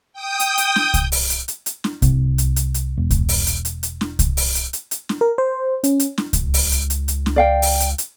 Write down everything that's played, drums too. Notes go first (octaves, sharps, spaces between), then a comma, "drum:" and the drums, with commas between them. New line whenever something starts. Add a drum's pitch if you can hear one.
G5 D#6 G6
drum: hi-hat
drum: hi-hat
drum: snare
drum: kick C2, hi-hat
drum: open hi-hat
drum: hi-hat
drum: hi-hat
drum: hi-hat
drum: snare
C2, drum: kick C2, hi-hat
drum: hi-hat
drum: hi-hat
drum: hi-hat
E1
drum: kick C2, hi-hat
drum: open hi-hat
drum: hi-hat
drum: hi-hat
drum: hi-hat
drum: snare
drum: kick C2, hi-hat
drum: open hi-hat
drum: hi-hat
drum: hi-hat
drum: hi-hat
drum: snare
A#4
C5
C#4, drum: hi-hat
drum: hi-hat
drum: snare
C#2, drum: kick C2, hi-hat
drum: open hi-hat
drum: hi-hat
drum: hi-hat
drum: hi-hat
drum: snare
D5 F5 G5
drum: open hi-hat
drum: hi-hat
drum: hi-hat